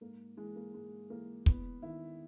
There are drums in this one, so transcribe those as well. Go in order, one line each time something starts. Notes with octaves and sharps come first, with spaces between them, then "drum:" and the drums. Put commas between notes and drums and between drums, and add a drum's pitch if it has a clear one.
G#2 A#3
E3 G#3
A#3
G#2 G#3
E3 A#3
E2 B3, drum: kick
D#3 E4